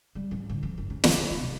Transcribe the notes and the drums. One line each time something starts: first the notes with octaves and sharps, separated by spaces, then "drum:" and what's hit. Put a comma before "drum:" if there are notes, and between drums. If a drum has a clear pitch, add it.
G3
A1
D3
F3
F#1
C#4
C4, drum: snare
D#3
D#4
C3